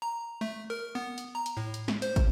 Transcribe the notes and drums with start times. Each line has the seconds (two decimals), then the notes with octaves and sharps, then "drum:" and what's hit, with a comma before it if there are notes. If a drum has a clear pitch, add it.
0.02 A#5
0.41 A3
0.70 A#4
0.95 B3
1.18 drum: hi-hat
1.35 A#5
1.46 drum: hi-hat
1.57 A2
1.74 drum: hi-hat
1.88 drum: snare
2.02 C5, drum: hi-hat
2.16 drum: kick, hi-hat